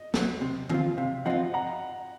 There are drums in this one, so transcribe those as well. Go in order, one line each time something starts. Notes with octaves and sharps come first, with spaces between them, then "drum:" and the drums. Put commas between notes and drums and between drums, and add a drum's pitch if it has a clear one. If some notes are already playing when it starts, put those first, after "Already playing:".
Already playing: D#5
F#3 A3, drum: snare
C3
F3 C4 F4, drum: tom D3
C3 F5
F3 C4 F4 D#5 F#5
F#5 A#5